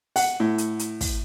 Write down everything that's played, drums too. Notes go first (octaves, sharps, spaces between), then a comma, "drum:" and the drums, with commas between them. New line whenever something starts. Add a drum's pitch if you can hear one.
F#5, drum: open hi-hat
A2
drum: hi-hat
drum: hi-hat
drum: kick, open hi-hat